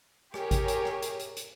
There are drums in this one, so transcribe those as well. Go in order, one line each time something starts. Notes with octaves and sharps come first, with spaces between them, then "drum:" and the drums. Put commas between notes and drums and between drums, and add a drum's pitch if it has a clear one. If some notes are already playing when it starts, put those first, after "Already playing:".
G4 G#4 A#4 C#5, drum: rim click
drum: kick G#1, hi-hat
drum: hi-hat
drum: rim click
drum: hi-hat
drum: hi-hat
drum: hi-hat